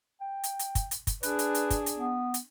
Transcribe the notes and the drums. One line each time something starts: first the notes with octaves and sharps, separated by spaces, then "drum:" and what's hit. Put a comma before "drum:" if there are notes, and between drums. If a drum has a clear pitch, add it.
G5
drum: hi-hat
drum: hi-hat
drum: kick, hi-hat
drum: hi-hat
drum: kick, hi-hat
D4 G#4 B4, drum: hi-hat
drum: hi-hat
drum: hi-hat
drum: kick, hi-hat
drum: hi-hat
B3
drum: hi-hat